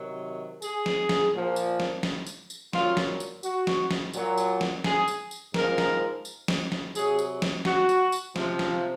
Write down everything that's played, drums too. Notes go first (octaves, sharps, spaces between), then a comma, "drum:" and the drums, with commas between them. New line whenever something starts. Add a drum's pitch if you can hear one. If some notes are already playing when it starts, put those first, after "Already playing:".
Already playing: C3 D#3 F#3
G#4, drum: tambourine
drum: snare
drum: snare
A#2 F3
drum: tambourine
drum: snare
drum: snare
drum: tambourine
drum: tambourine
A#2 F#3 F4, drum: snare
drum: snare
drum: tambourine
F#4, drum: tambourine
drum: snare
drum: snare
A#2 F#3, drum: tambourine
drum: tambourine
drum: snare
G#4, drum: snare
drum: tambourine
drum: tambourine
G#2 F3 A#4, drum: snare
drum: snare
drum: tambourine
drum: snare
drum: snare
C3 F#3 G#4, drum: tambourine
drum: tambourine
drum: snare
F#4, drum: snare
drum: tambourine
drum: tambourine
C3 F3, drum: snare
drum: snare